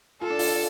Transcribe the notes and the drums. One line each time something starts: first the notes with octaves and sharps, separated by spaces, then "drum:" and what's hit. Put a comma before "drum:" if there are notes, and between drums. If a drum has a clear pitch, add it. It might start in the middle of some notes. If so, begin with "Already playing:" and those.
F4 A4
D4
F4, drum: open hi-hat